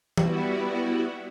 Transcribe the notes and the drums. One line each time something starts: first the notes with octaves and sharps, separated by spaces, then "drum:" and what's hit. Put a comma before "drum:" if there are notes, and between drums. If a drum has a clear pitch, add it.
G3 B3 E4 F#4, drum: tom E3